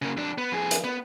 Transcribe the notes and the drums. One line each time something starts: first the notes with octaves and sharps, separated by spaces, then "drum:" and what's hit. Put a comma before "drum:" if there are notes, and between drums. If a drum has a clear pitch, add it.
C#3 A#3
F2 D4
B3
F2 G#4
drum: hi-hat
B3